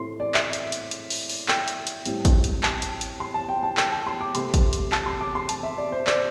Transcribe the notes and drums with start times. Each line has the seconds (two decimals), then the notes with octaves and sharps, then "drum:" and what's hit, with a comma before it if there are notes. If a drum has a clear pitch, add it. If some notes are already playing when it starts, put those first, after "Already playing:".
Already playing: A2 A3 C4 C6
0.20 D5
0.34 E5, drum: clap
0.53 drum: hi-hat
0.72 drum: hi-hat
0.91 drum: hi-hat
1.10 drum: open hi-hat
1.29 drum: open hi-hat
1.48 G5, drum: clap
1.68 drum: hi-hat
1.87 drum: hi-hat
2.05 A2 G3 C4, drum: hi-hat
2.25 drum: kick G#1, hi-hat
2.44 drum: hi-hat
2.63 A5, drum: clap
2.82 drum: hi-hat
3.01 drum: hi-hat
3.20 C6
3.34 A5
3.49 G5
3.63 A5
3.77 G5, drum: clap
3.92 A5
4.07 C6
4.21 D6
4.35 C3 A3 C4 C6, drum: hi-hat
4.54 drum: kick G#1, hi-hat
4.73 drum: hi-hat
4.92 A5, drum: clap
5.06 C6
5.21 D6
5.35 C6
5.49 A5, drum: hi-hat
5.63 E5
5.78 D5
5.92 C5
6.07 D5, drum: clap